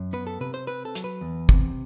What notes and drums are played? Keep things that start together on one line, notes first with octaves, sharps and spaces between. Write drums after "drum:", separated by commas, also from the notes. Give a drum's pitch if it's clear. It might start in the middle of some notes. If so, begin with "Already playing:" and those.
Already playing: F#2
B3 B4
A4
C3 B4
C5
C4 B4
A4
F#3, drum: hi-hat
B4
E2
C3, drum: kick